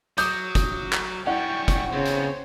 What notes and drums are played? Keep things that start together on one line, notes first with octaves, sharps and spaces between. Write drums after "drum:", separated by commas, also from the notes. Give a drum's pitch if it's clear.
F#3 D6 D#6 G6, drum: hi-hat
drum: kick, hi-hat
drum: clap
G3 C#4 E4 D5 F#5 G5 C#6
drum: kick, hi-hat
C#3 B3 C4 C5 C#5
drum: hi-hat